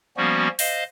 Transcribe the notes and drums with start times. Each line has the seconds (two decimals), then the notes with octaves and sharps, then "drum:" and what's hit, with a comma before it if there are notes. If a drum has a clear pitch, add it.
0.17 F3 G3 A#3 B3 C#4 F#4
0.59 C5 D#5 F5, drum: open hi-hat